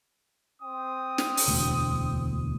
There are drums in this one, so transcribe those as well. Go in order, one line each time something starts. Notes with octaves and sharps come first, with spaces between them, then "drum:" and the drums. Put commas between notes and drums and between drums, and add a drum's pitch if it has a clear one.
C4 G5 D#6
drum: snare
drum: open hi-hat
E1 D2